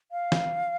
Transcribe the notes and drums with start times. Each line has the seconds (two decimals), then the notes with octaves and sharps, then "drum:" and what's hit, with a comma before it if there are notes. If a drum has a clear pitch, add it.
0.12 F5
0.32 drum: snare